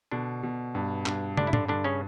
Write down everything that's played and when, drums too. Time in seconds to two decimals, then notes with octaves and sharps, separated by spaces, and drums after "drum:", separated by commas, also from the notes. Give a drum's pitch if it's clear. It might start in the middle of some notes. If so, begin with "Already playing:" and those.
0.11 B2 D3 D4
0.43 B2
0.75 G2
1.06 G2, drum: clap
1.37 G2 D3 D4, drum: tom
1.47 E4
1.53 D3 D4, drum: tom
1.68 G2 D3 D4
1.84 C#3 C#4